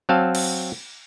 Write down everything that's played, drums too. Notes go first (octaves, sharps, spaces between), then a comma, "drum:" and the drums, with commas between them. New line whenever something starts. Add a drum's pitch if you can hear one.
F#3 C4 F5 A5
drum: cymbal